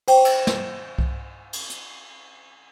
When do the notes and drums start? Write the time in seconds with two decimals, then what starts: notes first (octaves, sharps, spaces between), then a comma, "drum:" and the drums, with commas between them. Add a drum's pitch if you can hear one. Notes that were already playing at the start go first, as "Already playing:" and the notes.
0.08 C5 G5, drum: cymbal
0.25 drum: cymbal
0.47 drum: snare
0.99 drum: kick C2
1.53 drum: cymbal
1.70 drum: hi-hat